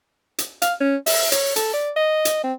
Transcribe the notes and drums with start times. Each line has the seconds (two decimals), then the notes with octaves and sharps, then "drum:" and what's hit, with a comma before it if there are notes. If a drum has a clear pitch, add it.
0.38 drum: hi-hat
0.62 F5, drum: hi-hat
0.80 C#4
1.06 E5, drum: open hi-hat
1.32 C#5, drum: hi-hat
1.56 A4, drum: hi-hat
1.74 D5
1.96 D#5
2.25 drum: hi-hat
2.44 C4